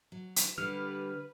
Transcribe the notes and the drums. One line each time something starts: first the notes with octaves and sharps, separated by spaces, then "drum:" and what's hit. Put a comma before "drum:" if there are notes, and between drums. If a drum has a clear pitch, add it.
F#3
drum: hi-hat
D3 G3 G4 B4 F6